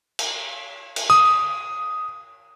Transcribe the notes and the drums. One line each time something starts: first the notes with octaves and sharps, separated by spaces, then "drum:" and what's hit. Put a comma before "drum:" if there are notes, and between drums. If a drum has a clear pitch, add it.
drum: cymbal
drum: cymbal
D#6